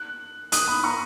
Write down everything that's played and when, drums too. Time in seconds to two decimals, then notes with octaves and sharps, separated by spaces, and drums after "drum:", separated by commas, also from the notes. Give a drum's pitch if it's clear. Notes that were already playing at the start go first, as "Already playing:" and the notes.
Already playing: F#6
0.52 D#6 F#6, drum: hi-hat
0.68 B5 D#6
0.84 A#5 C#6